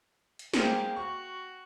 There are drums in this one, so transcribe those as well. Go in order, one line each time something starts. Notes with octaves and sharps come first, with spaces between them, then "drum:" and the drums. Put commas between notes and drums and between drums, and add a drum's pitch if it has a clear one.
drum: hi-hat
A#3 G4 G#4 A#4 C5, drum: snare
F#4 C#6